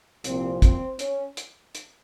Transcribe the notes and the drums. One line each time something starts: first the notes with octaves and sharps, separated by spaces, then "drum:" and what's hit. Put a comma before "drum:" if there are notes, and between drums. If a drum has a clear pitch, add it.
C2 A#2 F3 C4, drum: hi-hat
C4, drum: kick, hi-hat
C#4, drum: hi-hat
drum: hi-hat
drum: hi-hat